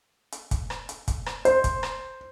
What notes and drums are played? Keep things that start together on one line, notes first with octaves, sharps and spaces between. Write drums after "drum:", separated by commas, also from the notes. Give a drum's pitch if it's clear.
drum: hi-hat
drum: kick, hi-hat
drum: rim click
drum: hi-hat
drum: kick, hi-hat
drum: rim click
C5, drum: hi-hat
drum: kick, hi-hat
drum: rim click